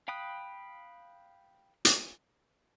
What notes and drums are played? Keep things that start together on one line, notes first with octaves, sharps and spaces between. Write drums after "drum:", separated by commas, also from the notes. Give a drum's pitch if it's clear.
F5 G5 B5 D#6 F#6
drum: hi-hat